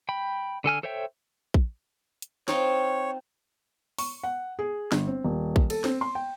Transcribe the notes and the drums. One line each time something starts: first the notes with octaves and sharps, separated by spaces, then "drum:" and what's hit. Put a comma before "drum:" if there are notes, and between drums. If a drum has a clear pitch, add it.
G5 B5
D3 A4 G#5 F6
A4 C5 C#5 E5 G5
drum: kick
drum: hi-hat
C4 D#4 F4 C#5, drum: snare
C#6, drum: open hi-hat
F#5
G#4
G1, drum: snare
C4
D#1
drum: kick
A4, drum: cymbal
C4, drum: snare
C6
G5